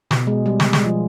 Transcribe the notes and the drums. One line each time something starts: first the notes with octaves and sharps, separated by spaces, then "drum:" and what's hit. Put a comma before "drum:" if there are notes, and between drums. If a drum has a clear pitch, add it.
B2, drum: snare
G#3
G3
G3, drum: snare
G#3, drum: snare
F3